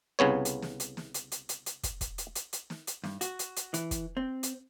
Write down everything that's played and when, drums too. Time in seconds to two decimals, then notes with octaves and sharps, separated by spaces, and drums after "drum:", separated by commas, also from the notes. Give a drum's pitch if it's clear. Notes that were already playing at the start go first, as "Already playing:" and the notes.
0.19 C2 C#3 B3 C#5
0.45 drum: hi-hat
0.62 drum: snare
0.80 drum: hi-hat
0.97 drum: snare
1.14 drum: hi-hat
1.32 drum: hi-hat
1.49 drum: hi-hat
1.66 drum: hi-hat
1.83 drum: kick, hi-hat
2.01 drum: kick, hi-hat
2.18 drum: hi-hat
2.35 drum: hi-hat
2.53 drum: hi-hat
2.70 drum: snare
2.87 drum: hi-hat
3.04 G2, drum: snare
3.21 F#4, drum: hi-hat
3.39 drum: hi-hat
3.56 drum: hi-hat
3.74 E3, drum: hi-hat
3.91 drum: kick, hi-hat
4.17 C4
4.43 drum: hi-hat